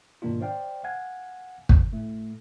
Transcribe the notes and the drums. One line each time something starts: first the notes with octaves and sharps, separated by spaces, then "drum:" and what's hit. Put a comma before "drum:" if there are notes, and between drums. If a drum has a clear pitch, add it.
G#2 B2 D#3 A#3 D4 F4
C5 D5 F5 G5
F5 F#5 G#5 G#6
drum: kick
A2 A3